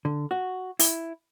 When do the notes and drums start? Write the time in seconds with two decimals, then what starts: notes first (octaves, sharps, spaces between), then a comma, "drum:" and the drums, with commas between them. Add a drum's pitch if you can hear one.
0.05 D3
0.31 F#4
0.79 E4, drum: open hi-hat